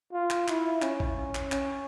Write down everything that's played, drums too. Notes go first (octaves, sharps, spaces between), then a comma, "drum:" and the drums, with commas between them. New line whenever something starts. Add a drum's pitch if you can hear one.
F4
drum: clap
E4, drum: clap
C#4, drum: clap
drum: kick
drum: clap
C#4, drum: clap